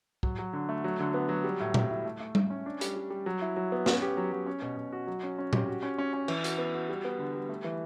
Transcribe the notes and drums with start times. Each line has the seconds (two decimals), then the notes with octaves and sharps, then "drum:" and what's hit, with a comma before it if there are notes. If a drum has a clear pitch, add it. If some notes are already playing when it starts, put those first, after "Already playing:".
0.23 F#3, drum: kick
0.39 F#3
0.53 D3
0.69 A3
0.84 F#3
1.00 D3
1.14 B3
1.29 F#3
1.44 G3
1.60 A2
1.74 A2, drum: tom A#2
1.91 E4
2.05 A3
2.20 A3
2.35 A3, drum: tom G3
2.50 C#4
2.66 D4
2.81 G3, drum: hi-hat
2.96 G3
3.10 G3
3.26 F#3
3.42 E4
3.57 F#3
3.72 B3
3.86 C#4, drum: snare
4.02 G4
4.17 F#3
4.32 F#3
4.47 C#4
4.62 B2
4.77 B2
4.92 F#4
5.07 F#3
5.23 C#4
5.38 C#4
5.53 G4, drum: tom A#2
5.68 F#4
5.83 C#4
5.98 C#4
6.13 C#4
6.28 E3, drum: cymbal
6.44 F#4, drum: hi-hat
6.58 B3
6.74 F#4
6.89 G3
7.05 B3
7.19 D3
7.35 G3
7.49 A3
7.64 E3